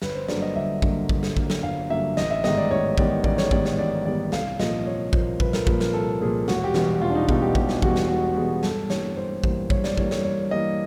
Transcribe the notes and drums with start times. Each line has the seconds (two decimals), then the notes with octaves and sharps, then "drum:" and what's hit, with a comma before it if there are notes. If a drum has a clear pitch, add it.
0.02 G1 B4, drum: snare
0.15 C5
0.28 G2 D3 F#3 A#3 D5, drum: snare
0.42 D#5
0.55 G1 E5
0.82 G2 D3 F#3 A#3, drum: kick A1
1.09 G1, drum: kick A1
1.23 drum: snare
1.37 G2 D3 F#3 A#3, drum: kick A1
1.50 drum: snare
1.63 G1 F5
1.90 G2 D3 F#3 A#3 E5
2.17 A1 D#5, drum: snare
2.31 E5
2.44 G#2 D#3 G3 B3 D#5, drum: snare
2.57 D5
2.71 A1 C#5
2.98 G#2 D#3 G3 B3 D5, drum: kick A1
3.24 A1 D5, drum: kick A1
3.38 C#5, drum: snare
3.51 G#2 D#3 G3 B3 D5, drum: kick A1
3.65 C#5, drum: snare
3.78 A1 D5
4.05 G#2 D#3 G3 B3 D5
4.32 C2 F5, drum: snare
4.60 A#2 F3 A#3 D#5, drum: snare
4.86 C2 C#5
5.13 A#2 F3 A#3 C5, drum: kick A1
5.40 C2 B4, drum: kick A1
5.53 A#4, drum: snare
5.67 A#2 F3 A#3 B4, drum: kick A1
5.80 A#4, drum: snare
5.94 C2 A4
6.21 A#2 F3 A#3 G#4
6.48 E1 F#4, drum: snare
6.64 G4
6.74 E2 B2 G3 B3 F#4, drum: snare
7.02 E1 F4
7.10 D4
7.15 D#4
7.29 E2 B2 G3 B3 D#4, drum: kick A1
7.42 G4
7.55 E1 G4, drum: kick A1
7.69 drum: snare
7.82 E2 B2 G3 B3 F#4, drum: kick A1
7.96 drum: snare
8.09 E1 F#4
8.36 E2 B2 G3 B3 G#4
8.63 G2 A4, drum: snare
8.90 E3 G3 A#3 C#5, drum: snare
9.16 G2 C5
9.44 E3 G3 A#3 C5, drum: kick A1
9.70 G2 C#5, drum: kick A1
9.84 D5, drum: snare
9.98 E3 G3 A#3 C#5, drum: kick A1
10.11 C#5, drum: snare
10.24 G2 C#5
10.51 E3 G3 A#3 D#5